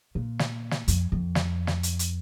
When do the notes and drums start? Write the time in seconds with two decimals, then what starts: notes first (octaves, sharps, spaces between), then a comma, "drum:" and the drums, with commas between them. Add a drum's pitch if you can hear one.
0.15 A#2
0.39 drum: snare
0.71 drum: snare
0.88 F2, drum: hi-hat
1.12 F2
1.35 drum: snare
1.67 drum: snare
1.83 drum: hi-hat
1.99 drum: hi-hat